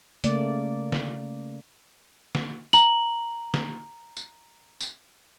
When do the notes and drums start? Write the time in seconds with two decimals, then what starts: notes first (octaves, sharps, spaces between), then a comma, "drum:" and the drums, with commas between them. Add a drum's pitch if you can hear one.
0.24 C#3 A3 A#3 D5, drum: hi-hat
0.92 drum: snare
2.35 drum: snare
2.73 A#5 F#7, drum: tambourine
3.54 drum: snare
4.17 drum: tambourine
4.81 drum: tambourine